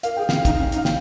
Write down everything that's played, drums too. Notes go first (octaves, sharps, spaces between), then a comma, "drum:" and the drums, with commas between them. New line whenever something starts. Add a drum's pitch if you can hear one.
A#4 F5, drum: hi-hat
G#4 G5
C#4 F5, drum: snare
D#4, drum: kick, hi-hat
C#4
D#4, drum: hi-hat
F5
G5, drum: snare